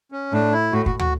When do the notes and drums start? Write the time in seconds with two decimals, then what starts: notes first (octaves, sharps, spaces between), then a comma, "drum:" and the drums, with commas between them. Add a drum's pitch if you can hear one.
0.12 C#4
0.32 A2 D4
0.52 E4
0.73 A2 F#4
0.86 F#4, drum: kick
0.99 F#4, drum: tom